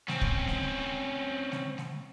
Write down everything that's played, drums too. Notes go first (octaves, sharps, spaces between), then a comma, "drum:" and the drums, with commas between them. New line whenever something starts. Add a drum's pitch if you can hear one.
C4 C#4, drum: snare G#3
drum: kick
drum: snare G#3
drum: snare G#3
drum: snare G#3